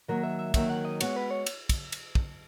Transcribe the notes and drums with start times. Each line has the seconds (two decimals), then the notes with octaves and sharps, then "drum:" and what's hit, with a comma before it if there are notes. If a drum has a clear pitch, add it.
0.08 D#3 F#3 A#3 A#4
0.23 E5
0.39 E5
0.54 D#3 F#3 A#3 E5, drum: kick, cymbal
0.69 F#5
0.85 D#5
1.01 G#3 B3 F#4 C#5, drum: cymbal
1.16 B4
1.31 C#5
1.46 drum: cymbal
1.69 drum: kick, cymbal
1.92 drum: cymbal
2.15 drum: kick